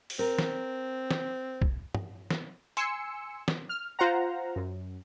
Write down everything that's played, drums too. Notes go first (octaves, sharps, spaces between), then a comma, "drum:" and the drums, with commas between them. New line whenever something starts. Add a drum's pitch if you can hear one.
drum: open hi-hat
C4 A#4
drum: snare
drum: snare
drum: kick
drum: tom
drum: snare
G#5 C6 E6 C#7, drum: hi-hat
drum: snare
F6
F4 C5 F5 F#5 A#5
F#2